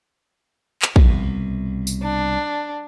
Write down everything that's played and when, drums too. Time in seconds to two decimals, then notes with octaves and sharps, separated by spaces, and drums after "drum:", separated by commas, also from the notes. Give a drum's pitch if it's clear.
0.82 drum: clap
0.96 C2 B2, drum: kick
1.87 drum: tambourine
2.02 D4